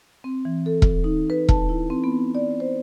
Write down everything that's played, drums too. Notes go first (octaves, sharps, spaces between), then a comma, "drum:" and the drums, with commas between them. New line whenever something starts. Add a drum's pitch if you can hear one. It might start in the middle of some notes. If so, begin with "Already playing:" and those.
C4
E3
A4
drum: kick E1
D#4
B4
A5, drum: kick E1
E4
C4
B3
D5
C5